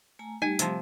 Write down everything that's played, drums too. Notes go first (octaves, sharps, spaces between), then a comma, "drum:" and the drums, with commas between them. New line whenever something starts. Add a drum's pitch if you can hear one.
A3 G#5 A#5
G3 A3 D#4 G4 G#5
C3 F3, drum: hi-hat